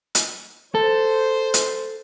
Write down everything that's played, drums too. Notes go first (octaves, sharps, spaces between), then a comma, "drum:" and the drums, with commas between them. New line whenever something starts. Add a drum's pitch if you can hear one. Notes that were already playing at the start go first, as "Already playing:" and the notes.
drum: hi-hat
A4 C5
drum: hi-hat